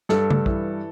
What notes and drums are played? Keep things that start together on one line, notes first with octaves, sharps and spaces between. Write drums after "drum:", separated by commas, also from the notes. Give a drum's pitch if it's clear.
G2 A4, drum: snare
drum: tom C#3
E3, drum: kick